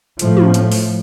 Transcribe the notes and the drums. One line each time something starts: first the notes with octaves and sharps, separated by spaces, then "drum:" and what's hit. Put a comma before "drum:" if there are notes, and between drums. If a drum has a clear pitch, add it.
A2 F3 A3, drum: hi-hat
drum: tom
drum: hi-hat
drum: open hi-hat